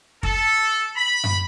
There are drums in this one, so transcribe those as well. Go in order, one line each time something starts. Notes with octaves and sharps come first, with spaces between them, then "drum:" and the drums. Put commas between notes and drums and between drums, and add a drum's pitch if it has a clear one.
A4, drum: kick
B5
drum: tom F#2